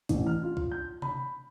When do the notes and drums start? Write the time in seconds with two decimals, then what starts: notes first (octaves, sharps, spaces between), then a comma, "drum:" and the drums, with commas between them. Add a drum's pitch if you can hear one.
0.09 A1, drum: kick C2, hi-hat
0.27 F6
0.43 F4
0.57 drum: kick C2
0.71 G6
1.02 B5, drum: tom C3